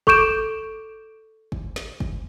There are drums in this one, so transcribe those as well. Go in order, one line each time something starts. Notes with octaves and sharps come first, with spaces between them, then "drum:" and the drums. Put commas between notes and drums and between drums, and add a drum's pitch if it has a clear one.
A4 C#6 D6 G6 D7 E7, drum: kick
drum: kick
drum: snare
drum: kick